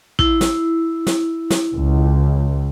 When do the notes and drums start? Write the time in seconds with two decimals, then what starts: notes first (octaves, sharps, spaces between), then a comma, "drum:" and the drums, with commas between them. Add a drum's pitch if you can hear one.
0.19 E4, drum: kick
0.41 drum: snare
1.07 drum: snare
1.50 drum: snare
1.74 C#2